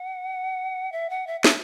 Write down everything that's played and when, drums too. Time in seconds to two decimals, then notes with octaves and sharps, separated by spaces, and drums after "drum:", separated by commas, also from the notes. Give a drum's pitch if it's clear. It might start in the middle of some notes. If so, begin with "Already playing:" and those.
Already playing: F#5
0.92 E5
1.10 F#5
1.27 E5
1.44 E5, drum: snare